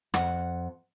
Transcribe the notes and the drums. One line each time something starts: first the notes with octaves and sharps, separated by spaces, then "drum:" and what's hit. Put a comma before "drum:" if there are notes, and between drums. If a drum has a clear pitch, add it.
F2 F#5, drum: rim click